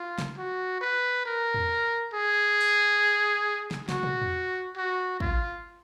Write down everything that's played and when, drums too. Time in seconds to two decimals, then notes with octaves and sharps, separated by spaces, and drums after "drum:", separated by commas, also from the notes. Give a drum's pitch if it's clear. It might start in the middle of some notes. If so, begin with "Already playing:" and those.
Already playing: F4
0.18 drum: snare
0.38 F#4
0.81 B4
1.26 A#4
1.54 drum: tom E2
2.13 G#4
2.61 drum: open hi-hat
3.71 drum: snare
3.89 F#4, drum: snare
4.03 drum: tom
4.22 drum: tom E2
4.77 F#4
5.20 F4, drum: kick